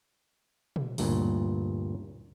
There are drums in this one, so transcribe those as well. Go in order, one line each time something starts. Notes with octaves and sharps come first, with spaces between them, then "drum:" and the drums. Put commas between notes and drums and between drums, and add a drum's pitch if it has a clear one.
drum: tom
D2 G2 A#2, drum: open hi-hat